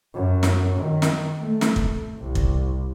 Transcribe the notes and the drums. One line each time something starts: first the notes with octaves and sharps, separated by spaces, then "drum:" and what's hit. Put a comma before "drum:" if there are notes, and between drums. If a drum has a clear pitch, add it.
F#2
drum: snare
D#3
drum: snare
A3
drum: snare
drum: kick
C2
drum: kick